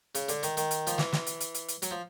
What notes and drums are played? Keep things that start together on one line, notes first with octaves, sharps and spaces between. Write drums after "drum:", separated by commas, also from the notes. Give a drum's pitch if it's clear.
C#3, drum: hi-hat
D3, drum: hi-hat
D#3, drum: hi-hat
D#3, drum: hi-hat
drum: hi-hat
F3, drum: hi-hat
E3, drum: snare
drum: snare
drum: hi-hat
drum: hi-hat
drum: hi-hat
drum: hi-hat
F#3, drum: hi-hat
F3